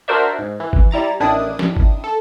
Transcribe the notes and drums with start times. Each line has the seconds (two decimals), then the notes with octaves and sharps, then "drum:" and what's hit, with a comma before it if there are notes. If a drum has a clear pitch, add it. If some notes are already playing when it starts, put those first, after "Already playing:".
0.08 D4 F#4 A#4 C5 D5 E5
0.39 G#2
0.60 E3
0.73 drum: kick G1
0.91 G3 E4 A#5 A6
1.20 A1 D#3 D4 E4 D#6
1.59 drum: snare
1.77 drum: kick G1
2.04 A4